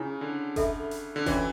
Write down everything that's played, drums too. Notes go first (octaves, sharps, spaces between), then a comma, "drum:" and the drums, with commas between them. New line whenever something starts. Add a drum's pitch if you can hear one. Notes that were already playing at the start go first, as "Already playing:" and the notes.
Already playing: C#3 E4 G#4 C#5 G#5
D3
A4 E5 B5, drum: kick F#1, hi-hat
drum: hi-hat
D3
E3 C#4 F#4 C#5, drum: kick F#1, hi-hat